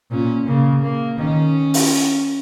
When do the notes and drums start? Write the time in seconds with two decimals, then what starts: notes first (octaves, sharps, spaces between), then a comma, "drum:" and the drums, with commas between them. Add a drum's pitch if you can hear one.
0.11 A#2 C#4
0.47 C#3 A#3
0.82 A#3
1.18 D#3 C#4
1.74 drum: open hi-hat